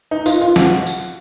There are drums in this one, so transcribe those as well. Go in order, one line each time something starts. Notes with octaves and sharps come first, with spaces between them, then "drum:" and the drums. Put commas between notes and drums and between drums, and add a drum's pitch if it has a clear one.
D#4
F4, drum: tambourine
F4
F#4, drum: snare
drum: tambourine